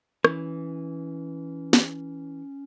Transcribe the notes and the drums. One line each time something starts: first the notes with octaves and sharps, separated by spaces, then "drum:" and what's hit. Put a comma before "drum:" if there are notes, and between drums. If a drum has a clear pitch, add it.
E3 C#4, drum: rim click
drum: snare